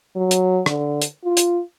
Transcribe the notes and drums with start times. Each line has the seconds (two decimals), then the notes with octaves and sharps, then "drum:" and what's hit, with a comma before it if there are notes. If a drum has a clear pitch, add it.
0.16 F#3
0.31 drum: hi-hat
0.66 D3, drum: rim click
1.02 drum: hi-hat
1.24 F4
1.37 drum: hi-hat